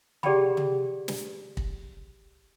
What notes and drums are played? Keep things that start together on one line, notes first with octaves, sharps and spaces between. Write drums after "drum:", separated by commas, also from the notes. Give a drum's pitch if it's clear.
G4 G#4 D5 F#5 G5 B5, drum: tom
drum: tom
drum: snare
drum: kick